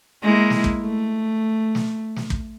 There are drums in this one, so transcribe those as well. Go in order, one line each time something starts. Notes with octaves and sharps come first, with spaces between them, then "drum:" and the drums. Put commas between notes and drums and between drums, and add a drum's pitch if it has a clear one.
G#3 A#3 E4
drum: snare
drum: kick
A3
drum: snare
drum: snare
drum: kick